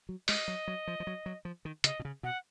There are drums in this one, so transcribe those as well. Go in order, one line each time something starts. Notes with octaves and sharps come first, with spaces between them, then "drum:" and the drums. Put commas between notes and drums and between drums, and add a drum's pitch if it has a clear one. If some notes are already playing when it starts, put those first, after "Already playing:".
F#3
G#3 D#5, drum: open hi-hat
F#3
F#3
F3
F3
F#3
F#3
F3
D#3
C#3 D#5, drum: hi-hat
B2
C#3
B2 F#5